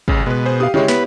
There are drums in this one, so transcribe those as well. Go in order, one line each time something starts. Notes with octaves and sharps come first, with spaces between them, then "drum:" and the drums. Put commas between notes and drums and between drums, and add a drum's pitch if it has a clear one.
A1 C#3, drum: kick
B2 G#3 B4
G#4 C5
G4 F5 D#6
C#3 G#3 E4 G4 C#5, drum: tom D3
B3 B4, drum: snare